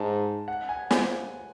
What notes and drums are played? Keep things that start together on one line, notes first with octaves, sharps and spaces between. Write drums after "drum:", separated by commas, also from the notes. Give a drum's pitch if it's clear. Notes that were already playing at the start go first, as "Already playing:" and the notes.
Already playing: G#2 A5
F#5
G#5
G#5, drum: snare